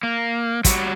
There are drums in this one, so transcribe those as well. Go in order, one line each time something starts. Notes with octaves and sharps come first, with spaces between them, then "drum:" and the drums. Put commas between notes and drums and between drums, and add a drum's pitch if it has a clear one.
A#3
F#3 G3 F#4, drum: kick, hi-hat